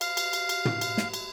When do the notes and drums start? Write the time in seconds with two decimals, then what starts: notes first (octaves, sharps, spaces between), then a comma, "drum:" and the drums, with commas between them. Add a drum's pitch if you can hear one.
0.01 F5, drum: cymbal
0.17 drum: cymbal
0.33 drum: cymbal
0.49 drum: cymbal
0.65 drum: tom
0.81 drum: cymbal
0.97 drum: snare
1.14 drum: cymbal